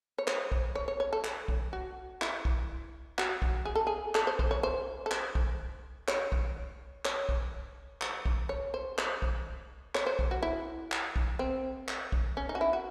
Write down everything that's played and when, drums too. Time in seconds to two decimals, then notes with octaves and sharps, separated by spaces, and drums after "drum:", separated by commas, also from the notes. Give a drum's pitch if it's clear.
0.18 C#5
0.27 C5, drum: clap
0.52 drum: kick
0.75 C#5
0.88 C#5
1.00 C#5
1.13 A4
1.24 drum: clap
1.48 drum: kick
1.73 F#4
2.22 E4, drum: clap
2.45 drum: kick
3.18 F#4, drum: clap
3.42 drum: kick
3.65 G#4
3.75 A4
3.87 G#4
4.15 A4, drum: clap
4.27 C5
4.39 C5, drum: kick
4.51 C#5
4.63 C5
5.06 A4
5.11 C5, drum: clap
5.35 drum: kick
6.08 C#5, drum: clap
6.32 drum: kick
7.05 C#5, drum: clap
7.29 drum: kick
8.01 drum: clap
8.26 drum: kick
8.49 C#5
8.74 C5
8.98 C5, drum: clap
9.22 drum: kick
9.95 C#5, drum: clap
10.06 C5
10.19 drum: kick
10.31 F#4
10.43 E4
10.92 drum: clap
11.16 drum: kick
11.39 C4
11.88 drum: clap
12.12 drum: kick
12.37 C#4
12.49 D#4
12.55 F#4
12.61 E4
12.73 F#4